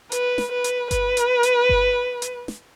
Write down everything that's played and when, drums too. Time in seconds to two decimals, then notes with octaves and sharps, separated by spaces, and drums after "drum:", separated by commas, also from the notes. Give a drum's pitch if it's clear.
0.12 B4, drum: hi-hat
0.38 drum: snare
0.51 B4
0.64 drum: hi-hat
0.91 B4, drum: kick G1, hi-hat
1.17 drum: hi-hat
1.43 drum: hi-hat
1.69 drum: kick G1
2.22 drum: hi-hat
2.48 drum: snare